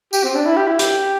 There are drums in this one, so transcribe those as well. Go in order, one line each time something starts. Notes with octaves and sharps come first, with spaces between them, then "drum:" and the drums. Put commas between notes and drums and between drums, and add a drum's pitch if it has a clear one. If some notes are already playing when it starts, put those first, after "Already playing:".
G4, drum: tambourine
C4
D4
E4
G4
E4
G4, drum: hi-hat